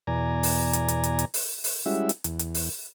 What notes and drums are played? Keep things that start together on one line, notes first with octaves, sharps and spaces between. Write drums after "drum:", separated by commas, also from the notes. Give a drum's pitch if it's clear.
E2 B2 D5 G#5 A#5
drum: open hi-hat
drum: hi-hat
drum: hi-hat
drum: hi-hat
drum: hi-hat
drum: open hi-hat
drum: open hi-hat
G3 G#3 C#4 E4 F#4 E5
drum: hi-hat
E2, drum: hi-hat
drum: hi-hat
drum: open hi-hat